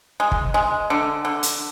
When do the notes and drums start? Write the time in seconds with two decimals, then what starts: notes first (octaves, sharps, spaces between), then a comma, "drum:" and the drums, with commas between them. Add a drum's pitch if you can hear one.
0.20 G#3
0.32 drum: kick G1
0.54 G#3
0.90 D3
1.25 D3
1.43 drum: hi-hat